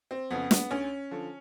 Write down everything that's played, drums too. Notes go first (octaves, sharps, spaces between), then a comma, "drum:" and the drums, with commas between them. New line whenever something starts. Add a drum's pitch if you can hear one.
C4
F2 C#3 B3
B3, drum: snare
D2 C#4
D3 F3